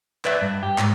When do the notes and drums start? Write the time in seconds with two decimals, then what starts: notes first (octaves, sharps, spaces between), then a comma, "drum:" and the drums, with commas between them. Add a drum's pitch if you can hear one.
0.25 B4 D5 E5, drum: clap
0.42 G2
0.63 G4
0.78 G#2, drum: clap